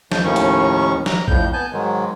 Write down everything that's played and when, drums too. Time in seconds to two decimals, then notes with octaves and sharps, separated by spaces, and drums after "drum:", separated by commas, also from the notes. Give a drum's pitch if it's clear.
0.12 F2 F3 A5 G6, drum: snare
0.25 D#2 A2 D#3 F3 C#4 C#6
0.36 drum: hi-hat
1.06 A#5, drum: snare
1.28 F2 A2 F3 G6, drum: kick A#1
1.53 B3 G#5 A5 G6
1.73 G#2 D#3 F#3 G#3